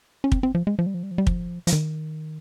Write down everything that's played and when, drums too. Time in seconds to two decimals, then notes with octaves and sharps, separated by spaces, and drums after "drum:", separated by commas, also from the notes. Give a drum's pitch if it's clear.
0.24 C#4
0.32 C4, drum: kick
0.43 C4
0.55 F3
0.67 G#3
0.79 F3
0.86 G3
0.94 F3
1.03 G3
1.11 F3
1.18 G3
1.27 F3, drum: kick
1.67 F3, drum: hi-hat
1.73 D#3